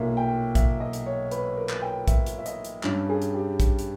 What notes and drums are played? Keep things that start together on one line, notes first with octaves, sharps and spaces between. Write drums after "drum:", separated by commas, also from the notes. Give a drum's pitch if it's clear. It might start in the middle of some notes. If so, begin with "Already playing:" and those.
Already playing: B1 A#2 A#3 E5
G5
E5, drum: kick A#1, hi-hat
D#5
drum: hi-hat
C#5
B4, drum: hi-hat
A#4
drum: clap
G5
E5, drum: kick A#1, hi-hat
drum: hi-hat
E5
D#5, drum: hi-hat
drum: hi-hat
G2 G3 C#4, drum: clap
G#4
drum: hi-hat
G4
drum: kick A#1, hi-hat
drum: hi-hat